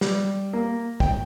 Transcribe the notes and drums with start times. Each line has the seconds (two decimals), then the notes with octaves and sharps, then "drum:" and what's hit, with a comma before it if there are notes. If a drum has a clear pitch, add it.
0.01 G3, drum: snare
0.53 A#3
1.00 G5, drum: kick